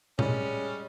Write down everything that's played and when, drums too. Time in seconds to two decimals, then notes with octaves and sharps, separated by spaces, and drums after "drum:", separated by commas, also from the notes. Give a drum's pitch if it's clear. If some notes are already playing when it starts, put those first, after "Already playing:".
0.19 G3 G#3 C#4, drum: tom A#2